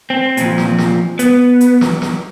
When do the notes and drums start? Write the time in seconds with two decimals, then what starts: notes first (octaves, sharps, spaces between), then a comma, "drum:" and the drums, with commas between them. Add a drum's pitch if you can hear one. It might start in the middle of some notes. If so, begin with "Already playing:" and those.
0.10 C4
0.37 A#2 F3, drum: hi-hat
0.58 drum: snare
0.78 drum: snare
1.19 B3, drum: hi-hat
1.61 drum: hi-hat
1.81 drum: snare
2.02 drum: snare